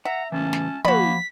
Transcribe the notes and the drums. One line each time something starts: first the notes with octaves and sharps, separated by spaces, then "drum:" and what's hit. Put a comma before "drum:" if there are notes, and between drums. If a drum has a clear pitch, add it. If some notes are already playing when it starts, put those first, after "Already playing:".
E5 F#5 A#5
A2 C#3 E3 C#4 A5
drum: snare
F3 A#3 F#4 B5 B6, drum: tom